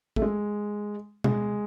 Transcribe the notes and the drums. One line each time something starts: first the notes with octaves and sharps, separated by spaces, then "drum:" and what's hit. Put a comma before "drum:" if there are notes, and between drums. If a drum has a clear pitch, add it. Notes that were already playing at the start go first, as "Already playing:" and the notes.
A3, drum: kick
G#3
G#3, drum: tom B2